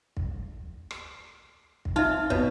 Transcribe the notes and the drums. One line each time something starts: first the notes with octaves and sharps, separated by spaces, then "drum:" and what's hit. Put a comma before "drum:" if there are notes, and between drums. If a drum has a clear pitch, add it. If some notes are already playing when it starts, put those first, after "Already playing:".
drum: kick
drum: rim click
drum: kick
D#4 F4 E5
B2 C#5, drum: kick